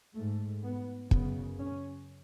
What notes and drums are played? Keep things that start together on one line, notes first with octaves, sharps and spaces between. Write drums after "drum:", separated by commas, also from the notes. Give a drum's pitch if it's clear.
G#2 A3
B3
F#2 C#3 B3, drum: kick
C#4